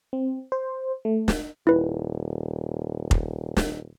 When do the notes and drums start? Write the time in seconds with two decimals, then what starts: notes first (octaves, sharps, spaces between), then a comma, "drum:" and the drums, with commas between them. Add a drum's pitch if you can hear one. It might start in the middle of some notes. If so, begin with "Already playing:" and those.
0.13 C4
0.52 C5
1.05 A3
1.28 drum: snare
1.67 D#1 E4 B4
3.11 drum: kick F1
3.57 drum: snare